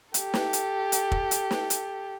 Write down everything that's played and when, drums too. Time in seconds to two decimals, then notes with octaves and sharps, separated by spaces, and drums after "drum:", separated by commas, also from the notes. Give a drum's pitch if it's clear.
0.14 G4 A4, drum: hi-hat
0.34 drum: snare
0.53 drum: hi-hat
0.92 drum: hi-hat
1.12 drum: kick
1.31 drum: hi-hat
1.51 drum: snare
1.70 drum: hi-hat